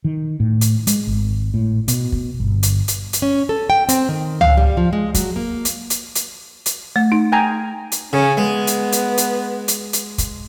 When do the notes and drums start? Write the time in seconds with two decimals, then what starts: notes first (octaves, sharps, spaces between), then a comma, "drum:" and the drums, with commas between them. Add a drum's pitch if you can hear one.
0.05 D#3
0.40 A2
0.61 drum: hi-hat
0.87 G#3, drum: hi-hat
1.07 G#1
1.54 A2
1.88 B2, drum: hi-hat
2.12 drum: kick
2.40 G1
2.63 drum: hi-hat
2.88 drum: hi-hat
3.13 drum: hi-hat
3.22 C#4
3.49 A4
3.70 G5
3.89 C4, drum: hi-hat
4.09 D#3
4.41 F5, drum: tom C#2
4.57 G3
4.77 F3
4.93 G#3
5.14 F#3, drum: kick, hi-hat
5.36 A#3
5.65 drum: hi-hat
5.90 drum: hi-hat
6.15 drum: hi-hat
6.66 drum: hi-hat
6.96 A3
7.12 D#4
7.32 G5 G#5 A#5
7.92 drum: hi-hat
8.13 C#3 C#4
8.37 G#3 B3
8.67 drum: hi-hat
8.92 drum: hi-hat
9.18 drum: hi-hat
9.68 drum: hi-hat
9.93 drum: hi-hat
10.18 drum: kick, hi-hat